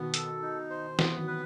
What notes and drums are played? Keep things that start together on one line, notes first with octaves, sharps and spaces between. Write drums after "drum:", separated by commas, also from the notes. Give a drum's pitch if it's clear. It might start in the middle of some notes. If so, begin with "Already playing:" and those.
Already playing: B2 D#3 B3
A4, drum: hi-hat
D#4
C5
C3 E3 B3, drum: snare
D#3 F#3
B4